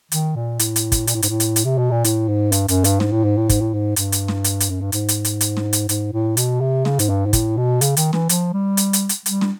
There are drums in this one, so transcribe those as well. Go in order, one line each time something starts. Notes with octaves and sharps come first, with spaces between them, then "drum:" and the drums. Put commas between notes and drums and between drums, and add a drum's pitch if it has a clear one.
D#3, drum: hi-hat
A#2
A2, drum: hi-hat
drum: hi-hat
drum: kick, hi-hat
A#2, drum: hi-hat
A2
G#2, drum: hi-hat
A2
drum: hi-hat
drum: hi-hat
C3
B2
A#2
A2, drum: hi-hat
G#2
G2, drum: hi-hat
F#2, drum: hi-hat
G2, drum: hi-hat
G#2, drum: snare
A2
G#2
A2
G#2, drum: kick, hi-hat
A2
G#2
G2, drum: hi-hat
drum: hi-hat
drum: snare
drum: hi-hat
drum: hi-hat
F#2
G2
G#2, drum: hi-hat
drum: hi-hat
drum: hi-hat
drum: hi-hat
drum: snare
drum: hi-hat
G#2, drum: hi-hat
A2
B2, drum: hi-hat
C3
C#3, drum: snare
G#2, drum: hi-hat
G2
G#2
A2, drum: kick, hi-hat
B2
C#3, drum: hi-hat
D#3, drum: hi-hat
E3, drum: snare
F3, drum: hi-hat
G3
drum: hi-hat
drum: hi-hat
drum: hi-hat
G3, drum: hi-hat
drum: snare